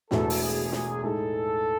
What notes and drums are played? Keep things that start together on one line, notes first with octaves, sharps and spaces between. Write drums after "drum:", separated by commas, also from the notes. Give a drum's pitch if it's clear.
E1 E2 B2 A3 A4, drum: snare
drum: open hi-hat
G#4
G#4, drum: snare
A2 G#3 D#4 G#4 A4